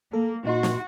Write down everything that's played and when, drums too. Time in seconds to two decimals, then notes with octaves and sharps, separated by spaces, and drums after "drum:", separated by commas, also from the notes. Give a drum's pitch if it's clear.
0.13 A#3 A4
0.46 A#2 D#4 F#4 C6
0.63 drum: snare